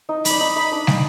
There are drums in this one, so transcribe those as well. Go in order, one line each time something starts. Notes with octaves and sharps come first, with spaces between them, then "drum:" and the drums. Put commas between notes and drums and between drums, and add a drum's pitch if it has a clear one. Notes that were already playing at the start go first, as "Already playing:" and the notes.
D#4 D#5
B5, drum: hi-hat
D5
D#4 D#5
D#4 D#5
D4 D5
drum: snare